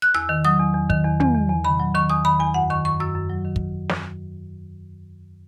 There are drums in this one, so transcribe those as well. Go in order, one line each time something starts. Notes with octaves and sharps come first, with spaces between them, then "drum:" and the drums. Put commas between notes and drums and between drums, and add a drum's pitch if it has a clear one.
F#6
E2 E6
D#3
F#3 D#6
E2
E2
D#3, drum: kick
E2
E2, drum: tom
E2
E2
D#3 B5
F#3
D#3 C#6
E2 D#6
D#3 B5
E2 G#5
F#2 F#5
D#3 C#6
F#2 C#6
F#2 E6
F#2
F#3
D#3
drum: kick
drum: snare